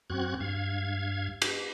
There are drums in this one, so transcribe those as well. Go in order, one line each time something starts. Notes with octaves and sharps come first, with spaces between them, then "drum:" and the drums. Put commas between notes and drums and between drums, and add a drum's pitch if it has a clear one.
F#2 C4 F#4 F#6 G#6
G2 F5 G#6
drum: cymbal